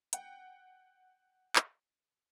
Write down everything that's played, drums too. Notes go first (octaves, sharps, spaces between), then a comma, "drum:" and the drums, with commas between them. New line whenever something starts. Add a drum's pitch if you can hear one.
F#5 G5, drum: hi-hat
drum: clap